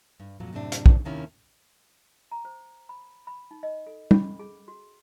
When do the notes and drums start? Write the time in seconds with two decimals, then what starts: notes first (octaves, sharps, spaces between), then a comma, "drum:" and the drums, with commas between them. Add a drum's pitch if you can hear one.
0.20 G2
0.40 F2 A#2 F#3
0.53 F#2 A2 C3 C4 D4
0.72 drum: hi-hat
0.86 drum: kick
1.05 D#2 C3 D#3 A#3 C#4 E4
2.32 A#5
2.45 C5
2.89 B5
3.27 B5
3.51 D#4
3.63 D#5
3.87 A4
4.11 B5, drum: tom
4.39 G#4
4.68 F#4